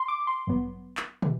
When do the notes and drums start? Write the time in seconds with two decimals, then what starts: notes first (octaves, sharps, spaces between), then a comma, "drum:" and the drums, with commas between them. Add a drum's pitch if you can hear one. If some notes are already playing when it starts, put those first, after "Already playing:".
Already playing: C6
0.08 D6
0.27 C6
0.47 A1 G2 F#3 B3
0.97 drum: clap
1.22 E3, drum: tom